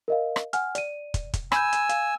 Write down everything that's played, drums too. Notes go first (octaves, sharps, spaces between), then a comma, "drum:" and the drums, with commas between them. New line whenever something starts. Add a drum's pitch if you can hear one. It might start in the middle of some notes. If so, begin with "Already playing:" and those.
A#4 D#5 F5
drum: rim click
F#5 G#5 F6, drum: hi-hat
D5 D#7, drum: hi-hat
drum: kick, hi-hat
drum: kick, hi-hat
G#5 B5 E6 G6, drum: rim click
drum: hi-hat
F5, drum: hi-hat